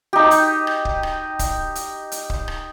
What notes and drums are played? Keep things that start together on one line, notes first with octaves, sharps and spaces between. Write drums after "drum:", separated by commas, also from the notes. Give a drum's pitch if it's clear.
D#4 G4
drum: hi-hat
drum: rim click
drum: kick C#1
drum: rim click
drum: kick C#1, hi-hat
drum: hi-hat
drum: hi-hat
drum: kick C#1
drum: rim click